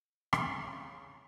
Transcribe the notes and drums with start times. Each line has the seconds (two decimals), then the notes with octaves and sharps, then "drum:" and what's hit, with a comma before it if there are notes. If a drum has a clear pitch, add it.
0.33 drum: rim click
0.50 C#3